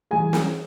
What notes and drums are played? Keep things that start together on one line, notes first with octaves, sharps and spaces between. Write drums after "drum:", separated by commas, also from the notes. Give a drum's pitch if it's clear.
E3 G3 G#4 G#5
drum: snare